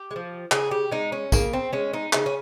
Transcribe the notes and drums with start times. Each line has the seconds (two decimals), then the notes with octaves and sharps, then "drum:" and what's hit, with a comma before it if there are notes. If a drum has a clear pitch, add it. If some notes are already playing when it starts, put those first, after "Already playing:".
Already playing: G4
0.11 G#3
0.16 F3
0.52 C#3 G#4, drum: clap
0.71 G4
0.91 G#3 D#4
1.12 C#4
1.32 C#3 A#3, drum: kick, tambourine
1.53 C4
1.73 G#3 C#4
1.93 D#4
2.13 C#3 D#4, drum: clap
2.26 C#4